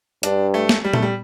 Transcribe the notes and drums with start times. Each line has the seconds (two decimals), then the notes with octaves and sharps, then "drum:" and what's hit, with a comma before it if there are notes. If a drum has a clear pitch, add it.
0.23 G2 D4, drum: hi-hat
0.54 A3
0.69 drum: snare
0.85 G3
0.93 A3, drum: tom A#2
1.02 G3